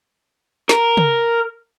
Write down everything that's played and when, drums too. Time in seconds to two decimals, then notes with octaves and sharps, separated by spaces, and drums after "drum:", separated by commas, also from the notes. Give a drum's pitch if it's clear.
0.69 A#4, drum: snare
0.97 drum: tom